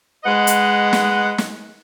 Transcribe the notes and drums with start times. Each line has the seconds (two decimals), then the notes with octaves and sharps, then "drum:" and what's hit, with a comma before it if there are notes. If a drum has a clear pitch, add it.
0.24 G#3 B4 D#5 F#5
0.47 drum: hi-hat
0.93 drum: snare
1.38 drum: snare